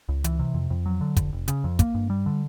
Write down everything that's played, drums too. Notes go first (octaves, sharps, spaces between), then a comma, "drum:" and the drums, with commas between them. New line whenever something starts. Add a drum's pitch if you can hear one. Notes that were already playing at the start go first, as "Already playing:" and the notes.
C#2
E3, drum: hi-hat
C3
F2
F2
F#3
D3
F1, drum: kick, hi-hat
F1
C#3, drum: hi-hat
F2
A#3, drum: kick, hi-hat
G2
G3
D3